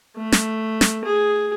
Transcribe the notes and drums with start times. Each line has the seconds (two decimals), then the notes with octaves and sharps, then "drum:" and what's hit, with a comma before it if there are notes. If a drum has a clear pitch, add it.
0.16 A3
0.32 drum: snare
0.81 drum: snare
1.05 G#4